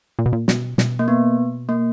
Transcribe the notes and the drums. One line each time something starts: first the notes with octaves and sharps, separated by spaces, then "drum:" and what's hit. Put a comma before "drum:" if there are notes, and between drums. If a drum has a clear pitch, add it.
A#2
B2
A#2
B2, drum: snare
B2, drum: snare
A#3
B3
A#3